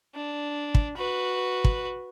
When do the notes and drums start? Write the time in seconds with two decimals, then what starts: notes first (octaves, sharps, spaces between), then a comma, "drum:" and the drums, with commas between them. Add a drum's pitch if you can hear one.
0.15 D4
0.75 drum: kick
0.97 F#4 B4
1.64 drum: kick